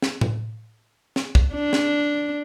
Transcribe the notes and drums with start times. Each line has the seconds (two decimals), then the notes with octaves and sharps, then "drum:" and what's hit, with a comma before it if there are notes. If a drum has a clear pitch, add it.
0.02 drum: snare
0.21 drum: tom A2
1.16 drum: snare
1.35 drum: kick
1.54 D4
1.73 drum: snare